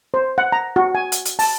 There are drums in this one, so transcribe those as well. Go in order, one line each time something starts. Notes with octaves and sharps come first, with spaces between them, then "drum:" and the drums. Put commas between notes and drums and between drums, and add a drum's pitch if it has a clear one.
C5
F#5
A#5
F#4
G#5
drum: hi-hat
drum: hi-hat
A5, drum: open hi-hat